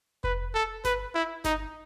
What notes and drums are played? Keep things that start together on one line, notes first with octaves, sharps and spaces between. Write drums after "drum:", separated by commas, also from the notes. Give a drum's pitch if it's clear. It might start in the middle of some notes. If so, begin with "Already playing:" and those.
B4, drum: kick F1
A4
B4, drum: snare G1
E4
D#4, drum: snare G1